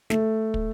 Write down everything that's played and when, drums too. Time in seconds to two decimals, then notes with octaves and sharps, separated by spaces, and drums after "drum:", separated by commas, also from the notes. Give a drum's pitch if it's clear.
0.10 A3, drum: snare
0.54 drum: kick